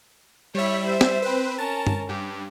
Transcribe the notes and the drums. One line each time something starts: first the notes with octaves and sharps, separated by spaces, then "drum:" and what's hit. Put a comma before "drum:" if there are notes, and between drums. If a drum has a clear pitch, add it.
G3 E4 C#5 E5
C5
drum: snare
C4 B4
C#4 A#4 A5
drum: tom G2
G2 G4